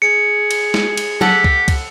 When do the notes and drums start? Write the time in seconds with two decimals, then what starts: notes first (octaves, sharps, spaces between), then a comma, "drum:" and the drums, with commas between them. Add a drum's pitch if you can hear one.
0.02 G#4 C#7
0.51 drum: cymbal
0.74 drum: snare
0.97 drum: cymbal
1.21 G4 A4 F#5, drum: tom F#3
1.44 drum: kick
1.68 drum: kick, cymbal